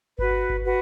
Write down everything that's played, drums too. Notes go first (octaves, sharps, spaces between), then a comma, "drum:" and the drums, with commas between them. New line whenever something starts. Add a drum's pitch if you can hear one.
F#4 B4, drum: kick G1
drum: kick G1
F#4 B4